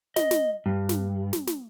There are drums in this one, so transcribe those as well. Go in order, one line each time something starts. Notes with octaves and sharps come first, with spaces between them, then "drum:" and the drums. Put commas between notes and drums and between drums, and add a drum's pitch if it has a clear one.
D#5, drum: snare
drum: snare
G2
drum: snare
drum: snare
drum: snare